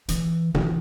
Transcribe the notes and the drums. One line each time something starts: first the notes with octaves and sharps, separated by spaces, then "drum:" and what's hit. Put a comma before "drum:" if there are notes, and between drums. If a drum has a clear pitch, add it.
E3, drum: hi-hat
E3, drum: tom A#2